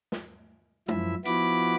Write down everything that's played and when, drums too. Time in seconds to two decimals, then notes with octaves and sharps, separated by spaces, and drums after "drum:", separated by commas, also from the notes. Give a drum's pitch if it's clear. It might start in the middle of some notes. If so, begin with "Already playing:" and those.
0.12 drum: snare
0.88 F#2 F3 E4 E5, drum: tom G#3
1.25 F3 B3 E4 F#4 B5 D6, drum: hi-hat